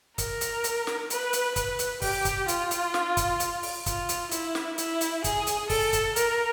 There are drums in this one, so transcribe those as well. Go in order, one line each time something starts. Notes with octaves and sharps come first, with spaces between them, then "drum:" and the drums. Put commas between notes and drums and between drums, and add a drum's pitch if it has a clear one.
A#4, drum: kick, hi-hat
drum: hi-hat
drum: hi-hat
drum: snare
B4, drum: hi-hat
drum: hi-hat
B4, drum: kick, hi-hat
drum: hi-hat
G4, drum: kick, open hi-hat
drum: kick, hi-hat
F4, drum: hi-hat
drum: hi-hat
drum: snare
drum: kick, hi-hat
drum: hi-hat
drum: open hi-hat
F4, drum: kick, hi-hat
drum: hi-hat
E4, drum: hi-hat
drum: snare
E4, drum: hi-hat
drum: hi-hat
G#4, drum: kick, hi-hat
drum: hi-hat
A4, drum: kick, open hi-hat
drum: kick, hi-hat
A#4, drum: hi-hat